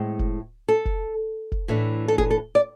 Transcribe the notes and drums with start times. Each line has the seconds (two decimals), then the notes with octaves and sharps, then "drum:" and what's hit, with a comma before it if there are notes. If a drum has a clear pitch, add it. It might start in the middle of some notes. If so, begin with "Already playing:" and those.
Already playing: A2 G#3 C4
0.19 drum: kick
0.68 A4
0.85 drum: kick
1.52 drum: kick
1.68 A2 E3 A3 D4
2.08 A4
2.18 G#4, drum: kick
2.30 A4
2.55 D5